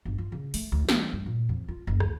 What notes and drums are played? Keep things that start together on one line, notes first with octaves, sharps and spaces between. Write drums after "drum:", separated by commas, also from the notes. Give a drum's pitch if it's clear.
G1
F4
C#3
A3, drum: open hi-hat
D2
E3, drum: snare
G2
A#2
F2
F4
F#1
D2, drum: rim click